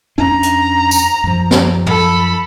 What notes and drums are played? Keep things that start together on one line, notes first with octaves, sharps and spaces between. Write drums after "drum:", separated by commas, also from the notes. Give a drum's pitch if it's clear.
F2 C#4 D4 A#5
drum: hi-hat
drum: tambourine
F#2 F3
drum: snare
A4 B5, drum: tom